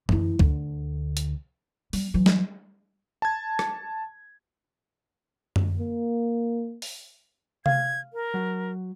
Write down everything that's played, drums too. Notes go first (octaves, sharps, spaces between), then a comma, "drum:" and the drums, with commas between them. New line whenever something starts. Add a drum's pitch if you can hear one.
E3 E4, drum: tom F#2
D2 D3, drum: kick C#2
drum: hi-hat
G3, drum: open hi-hat
E3 F#3
drum: snare
A5 G#6
drum: rim click
drum: tom F#2
A#3
drum: open hi-hat
F5 G#6, drum: tom C3
A#4
F#3